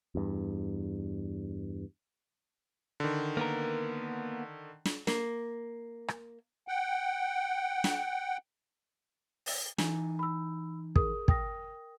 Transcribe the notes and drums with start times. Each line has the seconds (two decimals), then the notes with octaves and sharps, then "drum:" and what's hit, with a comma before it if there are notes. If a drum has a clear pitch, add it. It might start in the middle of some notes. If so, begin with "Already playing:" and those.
0.15 E2 G2
3.00 D3 D#3
3.37 A#3 B3 A#4
4.85 drum: snare
5.07 A#3, drum: snare
6.08 drum: rim click
6.68 F#5 G5
7.84 drum: snare
9.46 drum: open hi-hat
9.78 E3 D#4 G#5, drum: snare
10.19 B5 E6
10.96 G#4 A#4 D#6, drum: kick
11.28 A#4 G5 D#6 A#6, drum: kick